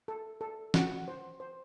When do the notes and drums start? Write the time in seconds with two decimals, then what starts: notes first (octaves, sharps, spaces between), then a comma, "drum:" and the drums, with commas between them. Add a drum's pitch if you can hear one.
0.08 A4
0.41 A4
0.74 F#4 F#5, drum: snare
1.08 C5
1.40 C5